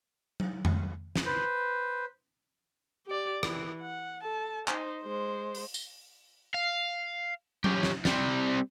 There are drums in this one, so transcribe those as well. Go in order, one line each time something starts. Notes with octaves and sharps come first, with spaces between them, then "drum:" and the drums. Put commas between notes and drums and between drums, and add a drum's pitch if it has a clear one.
drum: tom F#3
drum: tom F2
drum: snare
B4 C5
G4 D5
E3, drum: rim click
F#5
A4 A5
D#4 C5, drum: clap
G#3 C5
drum: open hi-hat
drum: tambourine
F5
C#4 G4, drum: tom F#3
drum: snare
G3 C4, drum: snare